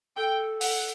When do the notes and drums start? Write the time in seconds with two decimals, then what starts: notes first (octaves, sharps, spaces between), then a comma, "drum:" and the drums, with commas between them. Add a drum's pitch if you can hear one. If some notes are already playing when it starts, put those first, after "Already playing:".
0.17 A4 G5
0.61 F#5, drum: open hi-hat